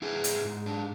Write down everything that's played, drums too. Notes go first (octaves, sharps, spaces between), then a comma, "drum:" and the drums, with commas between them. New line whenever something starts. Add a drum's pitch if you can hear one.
G#2 E4 G#4
G#2, drum: hi-hat
G#2
D4